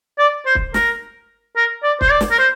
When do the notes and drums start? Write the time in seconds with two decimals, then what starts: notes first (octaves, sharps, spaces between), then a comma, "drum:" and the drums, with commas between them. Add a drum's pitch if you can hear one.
0.19 D5
0.46 C5
0.55 drum: kick
0.74 A#4, drum: snare
1.56 A#4
1.83 D5
2.01 C5, drum: kick
2.11 D5
2.21 drum: snare
2.31 A#4
2.39 C5